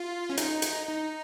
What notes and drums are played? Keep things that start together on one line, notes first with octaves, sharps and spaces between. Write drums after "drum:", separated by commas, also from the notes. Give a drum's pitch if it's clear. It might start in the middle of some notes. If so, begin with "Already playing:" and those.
Already playing: F4
C#4
D#4, drum: hi-hat
drum: hi-hat
D#4